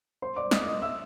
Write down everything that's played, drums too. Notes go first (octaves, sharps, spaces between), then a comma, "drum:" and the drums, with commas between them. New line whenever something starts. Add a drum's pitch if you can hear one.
C5 C6
D5 D6
D#5 D#6, drum: snare
D6
D#5 D#6
E5 E6